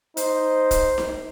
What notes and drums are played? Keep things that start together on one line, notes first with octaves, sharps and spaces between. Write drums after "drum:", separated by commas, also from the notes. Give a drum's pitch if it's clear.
D#4 C5, drum: hi-hat
drum: kick, hi-hat
drum: snare D#4